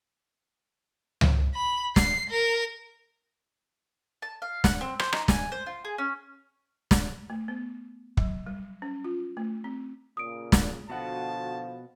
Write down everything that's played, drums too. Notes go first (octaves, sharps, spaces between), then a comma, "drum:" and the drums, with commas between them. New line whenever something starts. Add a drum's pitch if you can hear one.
drum: tom C#2
B5
C7, drum: snare
A#4
A5
F5
F#5, drum: snare
C4
C5, drum: rim click
D#4, drum: rim click
G#5, drum: snare
C5
F4
G#4
C#4
drum: snare
A3
B3
F#3, drum: kick
G3
C#4
F4
A3
C4
A#2 C#3 D#6 D7
drum: snare
B2 D3 F3 F#4 F#5 A5